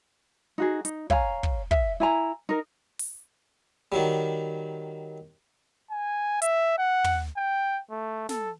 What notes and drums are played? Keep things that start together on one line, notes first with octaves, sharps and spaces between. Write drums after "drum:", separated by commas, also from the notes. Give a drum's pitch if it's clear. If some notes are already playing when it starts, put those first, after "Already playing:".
D#4 F#4 G#4
D#4, drum: hi-hat
C#5 F5 G#5 A#5, drum: kick
drum: kick
E5, drum: kick
E4 G#5 A#5
D#4 A#4
drum: open hi-hat
D#3 F#3 G3
G#5
E5, drum: hi-hat
F#5
drum: tom
G5
A3
A4, drum: snare